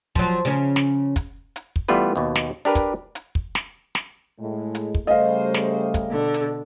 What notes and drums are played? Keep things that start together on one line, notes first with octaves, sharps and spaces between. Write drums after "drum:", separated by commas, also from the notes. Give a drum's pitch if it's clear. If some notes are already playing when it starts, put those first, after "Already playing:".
F3 F#3, drum: kick
C#3 C#4
drum: snare
drum: kick, hi-hat
drum: hi-hat
drum: kick
E3 G3 A3 B3 F4 B4
D#2 B2
drum: snare
D4 G4 A#4 B4
drum: kick, hi-hat
drum: hi-hat
drum: kick
drum: snare
drum: snare
A2 G#3
drum: hi-hat
drum: kick
C#3 G3 A3 C5 D#5 F5
drum: snare
drum: kick, hi-hat
B2 D3
drum: hi-hat